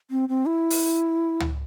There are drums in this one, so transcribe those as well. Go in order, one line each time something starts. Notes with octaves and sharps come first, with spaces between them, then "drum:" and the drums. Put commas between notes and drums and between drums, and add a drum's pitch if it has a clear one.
C4
C4
E4
drum: open hi-hat
drum: tom C#2